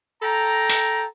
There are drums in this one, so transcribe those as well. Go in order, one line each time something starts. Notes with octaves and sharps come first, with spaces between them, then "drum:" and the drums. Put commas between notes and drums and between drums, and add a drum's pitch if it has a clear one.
A4 G5 A#5
drum: open hi-hat